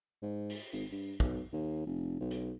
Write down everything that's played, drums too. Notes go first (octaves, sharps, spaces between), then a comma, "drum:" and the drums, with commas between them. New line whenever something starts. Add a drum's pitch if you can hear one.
G#2
drum: open hi-hat
G#1, drum: tambourine
G2
B1, drum: kick
D#2
F1
B1
drum: hi-hat